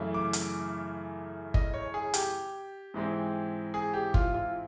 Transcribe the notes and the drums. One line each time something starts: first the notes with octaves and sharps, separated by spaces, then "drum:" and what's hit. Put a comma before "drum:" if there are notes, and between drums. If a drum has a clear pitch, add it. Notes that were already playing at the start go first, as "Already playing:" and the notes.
Already playing: F#2 C#3 E3 A3
D6
drum: hi-hat
D#5, drum: kick G1
C#5
G#4
G4, drum: hi-hat
G#2 E3 G#3 C4
G#4
G4
F4, drum: kick G1
F4